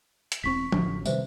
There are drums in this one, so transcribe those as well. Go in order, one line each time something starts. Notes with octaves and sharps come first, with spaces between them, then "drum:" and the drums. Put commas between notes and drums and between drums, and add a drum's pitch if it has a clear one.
drum: hi-hat
E1 E2 C4 C#6 B6
A1 D3 F3, drum: tom F3
C3 D#3 G3 B4 C5 E5, drum: tambourine